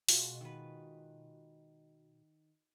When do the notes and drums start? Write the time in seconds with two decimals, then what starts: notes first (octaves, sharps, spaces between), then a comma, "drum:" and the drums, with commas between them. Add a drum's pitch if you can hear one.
0.09 B2 G#3 F4 F#4, drum: open hi-hat
0.41 D#3 B4